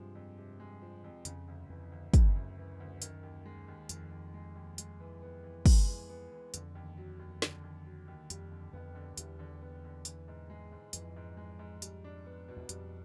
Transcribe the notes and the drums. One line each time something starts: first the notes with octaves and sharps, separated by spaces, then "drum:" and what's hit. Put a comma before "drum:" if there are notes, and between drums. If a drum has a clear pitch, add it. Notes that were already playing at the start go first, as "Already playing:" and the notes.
Already playing: G2 C3 F3 G#3
F2
C3
G#3
F3
F2
F2 C#3, drum: hi-hat
D2
F2 E3
D2
F#2 C#3, drum: kick, hi-hat
D2
E3
D2
D#3, drum: hi-hat
D#2
G#3
D#2
F2 D#3, drum: hi-hat
D#2
G#3
D#2
G#3, drum: hi-hat
E3
B3
E3
G#3, drum: kick, open hi-hat
E3
B3
E3
F2 D3, drum: hi-hat
D#2
F#3
D#2
D3, drum: snare
D#2
F#3
D#2
F2 G3, drum: hi-hat
D3
F2 B3
D3
E2 G3, drum: hi-hat
D3
B3
D3
E3, drum: hi-hat
G#2
G#3
G#2
F2 E3, drum: hi-hat
G#2
G#3
G#2
G3, drum: hi-hat
D4
B3
B2
E2
F2 G3, drum: hi-hat